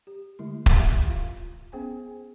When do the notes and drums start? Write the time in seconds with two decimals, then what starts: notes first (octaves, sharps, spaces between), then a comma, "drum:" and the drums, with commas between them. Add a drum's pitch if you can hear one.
0.07 G4
0.39 D3 G#3 A3 E4
0.66 G4 A#4 E5, drum: kick
1.08 F4 F5
1.72 B3 C#4 G#4 C5 G5 G#5